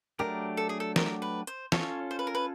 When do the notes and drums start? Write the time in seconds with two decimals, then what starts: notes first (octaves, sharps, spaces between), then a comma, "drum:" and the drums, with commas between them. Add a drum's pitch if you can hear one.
0.19 F#3 A3 D4 G4 A#4
0.57 A4
0.69 G#4
0.80 A4
0.96 A#4, drum: snare
1.22 B4
1.47 C5, drum: hi-hat
1.72 C#4 F4 A4 C#5, drum: snare
2.11 C5
2.19 B4
2.27 A#4
2.35 B4